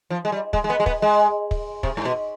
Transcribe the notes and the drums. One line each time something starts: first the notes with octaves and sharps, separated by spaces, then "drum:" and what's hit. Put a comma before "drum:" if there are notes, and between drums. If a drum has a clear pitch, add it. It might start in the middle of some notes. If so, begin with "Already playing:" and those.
F3
G#3
G3
G#3, drum: kick
G#3
B3
G#3
B3, drum: kick
G#3
drum: kick
C3, drum: kick
G#2
B2